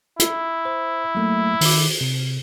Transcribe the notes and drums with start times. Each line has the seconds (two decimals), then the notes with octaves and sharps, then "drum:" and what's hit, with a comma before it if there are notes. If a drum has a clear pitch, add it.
0.19 E4, drum: hi-hat
0.65 C5
1.15 F#3 A3 A#3
1.61 D#3 D6, drum: open hi-hat
2.01 C3